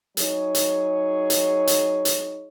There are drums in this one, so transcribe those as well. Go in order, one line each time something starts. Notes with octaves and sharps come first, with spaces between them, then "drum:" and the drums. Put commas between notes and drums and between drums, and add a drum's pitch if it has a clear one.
F#3 D#4 G#4 C#5, drum: hi-hat
drum: hi-hat
drum: hi-hat
drum: hi-hat
drum: hi-hat